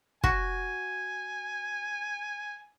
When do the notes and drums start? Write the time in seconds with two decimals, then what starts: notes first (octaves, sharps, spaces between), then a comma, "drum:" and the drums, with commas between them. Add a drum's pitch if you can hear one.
0.24 F#4 G#5, drum: kick